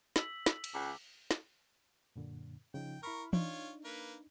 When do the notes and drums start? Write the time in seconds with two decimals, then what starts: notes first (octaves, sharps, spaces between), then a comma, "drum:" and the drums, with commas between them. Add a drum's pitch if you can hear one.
0.16 E6 B6 F#7, drum: snare
0.46 drum: snare
0.64 drum: cymbal
0.74 C#2 D6
1.31 drum: snare
2.16 F#2 A#2 D3
2.74 C#3 F3 D#4 G5
3.03 E4 A#4 B5 C#6 F6
3.33 D4 D#4 F4 C#5, drum: tom E3
3.85 A#3 B4